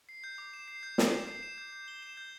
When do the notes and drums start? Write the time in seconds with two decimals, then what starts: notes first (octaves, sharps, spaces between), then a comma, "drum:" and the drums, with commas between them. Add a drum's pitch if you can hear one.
0.09 C7
0.24 G6
0.38 D6
0.53 E7
0.68 C7
0.83 G6
0.98 D6, drum: snare
1.13 E7
1.28 C7
1.43 E7
1.58 G6
1.73 G6
1.88 G7
2.02 E7
2.17 G6